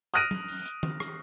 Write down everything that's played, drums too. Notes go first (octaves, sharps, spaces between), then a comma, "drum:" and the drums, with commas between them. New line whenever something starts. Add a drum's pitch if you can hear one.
D#6 F6 F#6 A#6 D7 D#7, drum: hi-hat
drum: tom F#3
drum: open hi-hat
drum: hi-hat
drum: tom D#3
drum: rim click